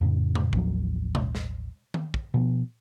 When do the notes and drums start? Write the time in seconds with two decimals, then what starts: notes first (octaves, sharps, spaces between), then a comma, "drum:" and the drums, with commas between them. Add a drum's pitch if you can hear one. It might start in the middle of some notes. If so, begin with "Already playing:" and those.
0.01 F2 A2 C#3
0.35 drum: tom B2
0.53 A1 D#2 F3 F#3, drum: kick
1.15 drum: tom B2
1.35 drum: snare
1.94 drum: tom D#3
2.14 drum: kick
2.34 B2 F3 B3